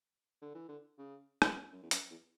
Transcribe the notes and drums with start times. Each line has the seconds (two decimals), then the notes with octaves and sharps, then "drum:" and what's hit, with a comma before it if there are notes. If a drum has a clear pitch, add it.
0.42 D3
0.55 E3
0.68 D3
0.98 C#3
1.42 E2, drum: rim click
1.54 F#2
1.72 F#2
1.82 E2
1.91 F#2, drum: hi-hat
2.10 E2